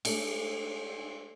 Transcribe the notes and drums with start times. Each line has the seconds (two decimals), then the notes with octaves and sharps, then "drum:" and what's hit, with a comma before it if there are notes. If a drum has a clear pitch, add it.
0.05 G#3 A3 A4, drum: cymbal